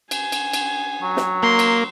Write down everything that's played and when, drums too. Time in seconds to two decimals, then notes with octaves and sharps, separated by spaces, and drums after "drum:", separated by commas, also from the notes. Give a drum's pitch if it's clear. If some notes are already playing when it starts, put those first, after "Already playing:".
0.11 G#5, drum: cymbal
0.32 drum: cymbal
0.53 drum: cymbal
1.02 F#3
1.17 drum: snare
1.43 A#3 C6
1.59 drum: cymbal